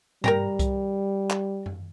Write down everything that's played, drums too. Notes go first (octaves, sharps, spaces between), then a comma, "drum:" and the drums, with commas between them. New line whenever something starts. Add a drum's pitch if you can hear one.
G3 A#4 G5 A#5, drum: tom G2
drum: kick C2, hi-hat
drum: clap
drum: tom F#2